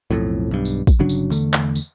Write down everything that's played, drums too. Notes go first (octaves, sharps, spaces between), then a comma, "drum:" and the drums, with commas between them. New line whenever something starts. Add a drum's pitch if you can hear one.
B1 F2 A2
B1 G2
drum: tambourine
drum: kick, tambourine
G1 C#3 F#3 D4
drum: tambourine
E2 D3 A3, drum: tambourine
drum: clap
drum: tambourine